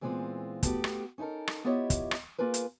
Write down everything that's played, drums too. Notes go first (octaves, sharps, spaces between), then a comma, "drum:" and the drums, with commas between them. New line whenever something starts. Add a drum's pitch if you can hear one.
A#2 E3 G#3 B3 C4 F4
A3 B3 F#4 G4, drum: kick, hi-hat
drum: rim click
C#4 D#4 E4 A4 A#4
drum: rim click
B3 E4 F4 G4 C#5 D#5
drum: kick, hi-hat
drum: rim click
A#3 F4 G#4 A#4 B4
drum: hi-hat